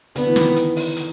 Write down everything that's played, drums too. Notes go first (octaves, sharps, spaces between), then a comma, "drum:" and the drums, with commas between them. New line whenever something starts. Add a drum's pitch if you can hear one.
D3 B3, drum: hi-hat
E3
D#3, drum: snare
drum: hi-hat
drum: open hi-hat
drum: hi-hat